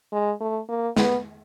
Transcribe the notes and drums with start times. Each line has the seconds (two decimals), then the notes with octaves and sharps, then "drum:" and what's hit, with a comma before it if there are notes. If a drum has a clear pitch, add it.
0.12 G#3
0.40 A3
0.69 A#3
0.97 B3, drum: snare